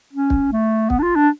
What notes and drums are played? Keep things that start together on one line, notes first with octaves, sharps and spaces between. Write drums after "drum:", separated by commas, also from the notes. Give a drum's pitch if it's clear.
C#4
drum: kick
A3
B3, drum: kick
D4
F4
D4